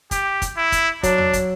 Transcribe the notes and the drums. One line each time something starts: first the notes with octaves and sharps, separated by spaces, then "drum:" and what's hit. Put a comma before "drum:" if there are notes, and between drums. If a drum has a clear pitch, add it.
G4, drum: kick, hi-hat
drum: kick, hi-hat
E4
drum: kick, hi-hat
F#3 D4, drum: kick, hi-hat
drum: tom E2
drum: kick, hi-hat